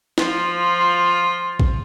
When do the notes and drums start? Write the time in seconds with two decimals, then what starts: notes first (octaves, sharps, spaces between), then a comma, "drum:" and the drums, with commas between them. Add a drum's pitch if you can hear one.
0.18 F3 F4, drum: snare
1.60 drum: kick A#1